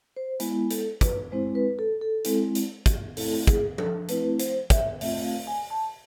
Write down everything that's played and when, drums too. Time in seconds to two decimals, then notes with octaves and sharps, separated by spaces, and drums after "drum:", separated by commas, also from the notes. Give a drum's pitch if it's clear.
0.17 C5
0.40 G#3 B3 E4, drum: hi-hat
0.70 A4, drum: hi-hat
1.01 B4, drum: kick, hi-hat
1.32 G#3 C4 E4 C5
1.55 B4
1.79 A4
2.01 A4
2.24 G#3 C4 E4, drum: hi-hat
2.55 drum: hi-hat
2.86 drum: kick, hi-hat
3.17 A3 C4 E4 A4, drum: open hi-hat
3.47 G#4, drum: kick, hi-hat
3.78 A4, drum: tom F3
4.08 A3 C4 E4 B4, drum: hi-hat
4.39 C5, drum: hi-hat
4.70 E5, drum: kick, hi-hat
5.01 A3 C4 F4 E5, drum: open hi-hat
5.24 F5
5.47 G#5
5.70 A5